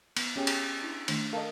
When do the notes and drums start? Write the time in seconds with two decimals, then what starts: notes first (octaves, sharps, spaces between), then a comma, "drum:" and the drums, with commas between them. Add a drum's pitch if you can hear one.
0.17 B3, drum: cymbal
0.36 C#4 G4 G#4
0.47 drum: cymbal
0.82 D4 E4
1.08 D#3 A3 D4, drum: cymbal
1.33 A4 A#4 D#5 F5